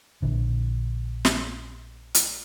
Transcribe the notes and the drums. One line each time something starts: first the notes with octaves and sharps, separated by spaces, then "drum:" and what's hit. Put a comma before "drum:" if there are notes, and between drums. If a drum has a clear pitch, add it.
A#1 D3
drum: snare
drum: hi-hat